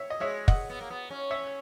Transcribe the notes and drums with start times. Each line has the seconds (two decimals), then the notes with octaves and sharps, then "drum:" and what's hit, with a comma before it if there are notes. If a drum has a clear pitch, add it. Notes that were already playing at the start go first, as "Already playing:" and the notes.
Already playing: C#5 E5
0.10 D#5
0.20 G#3 C#5 E5
0.48 D#5 F#5, drum: kick
0.70 B3
0.81 A#3
0.90 B3
1.10 C#4
1.31 C#5 E5